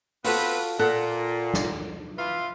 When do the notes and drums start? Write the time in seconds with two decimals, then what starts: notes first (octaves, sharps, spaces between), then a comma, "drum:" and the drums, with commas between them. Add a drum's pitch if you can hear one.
0.24 B3 C4 F4 F#4 A4 B4, drum: open hi-hat
0.79 A#2 A4 F#5
1.54 drum: snare
2.18 E3 F4